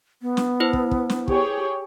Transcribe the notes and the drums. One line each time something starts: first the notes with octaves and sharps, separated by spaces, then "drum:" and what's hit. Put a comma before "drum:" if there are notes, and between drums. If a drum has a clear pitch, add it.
B3
drum: snare
E4 B4 C5
drum: kick
drum: kick
drum: snare
G4 G#4 C#5, drum: kick